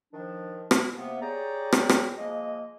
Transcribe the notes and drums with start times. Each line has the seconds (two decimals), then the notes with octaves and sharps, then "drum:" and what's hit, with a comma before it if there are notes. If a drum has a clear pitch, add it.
0.14 D#3 F3 D4
0.71 drum: rim click
0.97 C3 A#3 B3
1.22 G4 G#4 C#5 D5 G5 A#5
1.72 drum: rim click
1.89 drum: rim click
2.18 F3 G#3 A#3 D#5